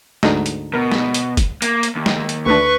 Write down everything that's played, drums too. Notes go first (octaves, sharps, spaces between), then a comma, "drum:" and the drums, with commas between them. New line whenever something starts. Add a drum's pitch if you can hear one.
D2 G#2 D3 D#5 A#5, drum: snare
drum: hi-hat
B2 A#4
drum: snare
drum: hi-hat
drum: kick, hi-hat
A#3, drum: hi-hat
drum: hi-hat
D#2
drum: snare
drum: hi-hat
D2 A3 D4 B4 C#6